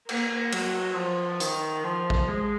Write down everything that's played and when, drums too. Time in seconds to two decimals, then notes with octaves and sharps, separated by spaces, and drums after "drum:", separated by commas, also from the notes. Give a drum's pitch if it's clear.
0.09 A#3, drum: cymbal
0.52 F#3, drum: cymbal
0.96 F3
1.40 D#3, drum: hi-hat
1.84 F3
2.10 drum: kick A1
2.27 G#3